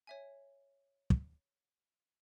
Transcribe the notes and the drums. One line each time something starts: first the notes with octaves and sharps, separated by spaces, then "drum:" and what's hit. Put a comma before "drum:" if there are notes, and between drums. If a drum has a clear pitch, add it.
C#5 E5 G#5
drum: kick